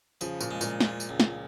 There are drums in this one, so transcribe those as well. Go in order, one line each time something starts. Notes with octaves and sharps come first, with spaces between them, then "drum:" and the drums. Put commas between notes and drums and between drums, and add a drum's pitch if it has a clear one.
C#3 F3, drum: tambourine
A#2, drum: tambourine
G#3
A#2, drum: tambourine
F3, drum: snare
drum: tambourine
C#2
drum: snare